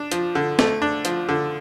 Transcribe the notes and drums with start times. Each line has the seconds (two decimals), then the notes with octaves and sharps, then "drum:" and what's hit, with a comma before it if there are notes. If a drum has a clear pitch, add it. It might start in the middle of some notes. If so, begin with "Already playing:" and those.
Already playing: D4
0.12 F3, drum: hi-hat
0.35 D3
0.59 A3, drum: snare
0.82 D4
1.05 F3, drum: hi-hat
1.29 D3